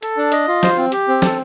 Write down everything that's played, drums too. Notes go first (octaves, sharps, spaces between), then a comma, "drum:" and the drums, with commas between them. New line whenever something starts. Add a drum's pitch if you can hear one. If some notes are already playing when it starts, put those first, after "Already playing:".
A4, drum: hi-hat
D4
D#5, drum: hi-hat
F4
C5, drum: snare
C4
G4, drum: hi-hat
C4
A4, drum: snare